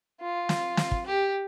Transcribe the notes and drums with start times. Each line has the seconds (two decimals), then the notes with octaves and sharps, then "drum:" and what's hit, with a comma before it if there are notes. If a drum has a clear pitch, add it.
0.21 F4
0.49 drum: snare
0.77 drum: snare
0.91 drum: kick
1.06 G4